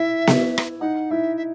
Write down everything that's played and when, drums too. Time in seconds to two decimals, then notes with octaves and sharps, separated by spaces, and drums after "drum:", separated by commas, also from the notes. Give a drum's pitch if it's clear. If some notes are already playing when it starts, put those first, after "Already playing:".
Already playing: E4 E5
0.27 drum: snare B3
0.58 drum: rim click
0.80 D#4 F#5
1.11 E4 E5
1.37 E5